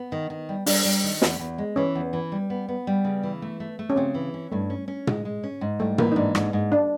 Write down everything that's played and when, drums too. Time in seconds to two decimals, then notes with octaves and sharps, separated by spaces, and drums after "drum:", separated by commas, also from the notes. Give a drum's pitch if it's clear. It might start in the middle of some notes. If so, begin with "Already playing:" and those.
Already playing: B3
0.12 D#3
0.30 D#3
0.49 G3
0.66 G3 D4, drum: open hi-hat
0.85 G3
1.04 D#3
1.22 E2, drum: snare
1.39 E2
1.58 G#3
1.76 E3 C#4
1.95 E2
2.13 E3
2.32 G3
2.50 B3
2.68 B3
2.87 G3
3.04 C#3
3.23 E3
3.42 A3
3.60 A3
3.79 A3
3.90 C#4
3.96 C#3 C4
4.14 E3
4.34 C#4
4.52 G2 A3
4.70 C#4
4.88 C#4
5.07 G#3, drum: tom
5.25 G#3
5.44 C#4
5.61 G#2
5.79 G3 A3
5.98 E3 A#3, drum: tom
6.12 D#4
6.16 G#2 D4
6.35 G#2, drum: rim click
6.53 G#2
6.72 D4